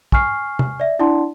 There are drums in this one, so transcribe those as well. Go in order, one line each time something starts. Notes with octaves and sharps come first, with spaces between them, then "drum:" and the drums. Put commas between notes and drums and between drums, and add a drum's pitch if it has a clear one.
G#5 C#6 F6 C7, drum: kick
drum: tom
D5 E5
D4 E4 D5 F#5 A5 C6